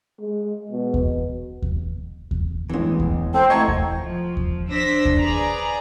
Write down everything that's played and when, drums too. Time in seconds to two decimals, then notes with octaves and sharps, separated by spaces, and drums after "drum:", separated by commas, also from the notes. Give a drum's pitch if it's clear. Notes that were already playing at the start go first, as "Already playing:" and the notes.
0.21 G#3
0.71 B2
0.94 drum: kick D#2
1.62 drum: kick D#2
2.31 drum: kick D#2
2.69 A1 E2 E3 G#3
3.00 drum: kick D#2
3.34 C4 A4 C5
3.50 A3 E4 D#5 F#5 A5 A#5 C#6 G#6
3.68 drum: kick D#2
4.00 F3
4.37 drum: kick D#2
4.69 D4 C5 E6 A#6 B6
5.05 drum: kick D#2
5.17 G#4 B4 D5 A#5